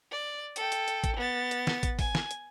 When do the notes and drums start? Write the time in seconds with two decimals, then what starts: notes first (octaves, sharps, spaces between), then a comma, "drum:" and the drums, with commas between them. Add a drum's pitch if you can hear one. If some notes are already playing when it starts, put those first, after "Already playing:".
0.11 D5
0.56 A4 G5, drum: hi-hat
0.72 drum: hi-hat
0.88 drum: hi-hat
1.04 drum: kick, hi-hat
1.16 B3 A6
1.51 drum: hi-hat
1.67 drum: snare
1.83 drum: kick, hi-hat
1.99 G#5, drum: kick, open hi-hat
2.15 drum: snare
2.31 drum: hi-hat